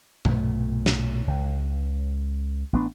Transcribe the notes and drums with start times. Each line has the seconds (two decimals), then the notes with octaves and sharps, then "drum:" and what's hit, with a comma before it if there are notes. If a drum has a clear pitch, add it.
0.25 B1 A#2 A3, drum: tom G2
0.86 drum: snare
1.27 C#2
2.73 A1 B3 D4